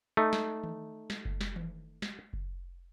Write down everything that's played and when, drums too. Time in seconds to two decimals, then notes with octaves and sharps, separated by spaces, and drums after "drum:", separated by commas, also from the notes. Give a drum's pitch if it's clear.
0.17 A3 D#4
0.33 drum: snare
0.64 drum: tom D#3
1.10 drum: snare
1.25 drum: kick F#1
1.41 drum: snare
1.56 drum: tom D#3
2.02 drum: snare
2.33 drum: kick F#1